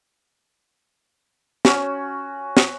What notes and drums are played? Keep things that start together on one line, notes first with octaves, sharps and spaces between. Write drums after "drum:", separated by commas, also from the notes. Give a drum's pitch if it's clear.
C#4 F#4, drum: snare
drum: snare